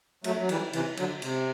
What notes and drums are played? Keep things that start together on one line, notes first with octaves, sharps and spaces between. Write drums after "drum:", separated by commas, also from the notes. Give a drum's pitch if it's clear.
F#3 A3, drum: cymbal
F#3
E3 G3, drum: cymbal
C3 E3, drum: cymbal
D3 F#3, drum: cymbal
C3, drum: cymbal